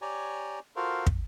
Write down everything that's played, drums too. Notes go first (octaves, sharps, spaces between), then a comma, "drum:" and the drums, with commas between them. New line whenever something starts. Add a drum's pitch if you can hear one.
G4 C#5 D5 G#5 A#5
F4 F#4 A4 A#4 C5 F5
drum: kick